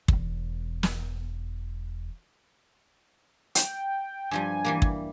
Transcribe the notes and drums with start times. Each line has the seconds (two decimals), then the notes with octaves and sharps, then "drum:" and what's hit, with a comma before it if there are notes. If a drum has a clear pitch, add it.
0.08 E1 E2, drum: kick
0.83 drum: snare
3.55 G5, drum: hi-hat
4.31 G2 F3 G3 G#5
4.64 E3 G3 A#3
4.82 drum: kick